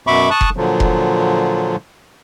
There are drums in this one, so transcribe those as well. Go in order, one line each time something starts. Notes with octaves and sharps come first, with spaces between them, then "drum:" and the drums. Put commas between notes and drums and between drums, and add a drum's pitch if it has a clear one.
F#2 B2 E5 B5 C#6 D6
A5 C#6 D#6 F#6
drum: kick F1
A#2 D3 F3 F#3
drum: kick F1